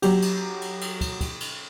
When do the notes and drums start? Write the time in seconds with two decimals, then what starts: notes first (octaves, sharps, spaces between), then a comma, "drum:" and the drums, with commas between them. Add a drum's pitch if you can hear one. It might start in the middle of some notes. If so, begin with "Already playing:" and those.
0.02 F#3 G4, drum: cymbal
0.22 drum: cymbal
0.61 drum: cymbal
0.81 drum: cymbal
1.01 drum: kick, cymbal
1.21 drum: kick, cymbal
1.40 drum: cymbal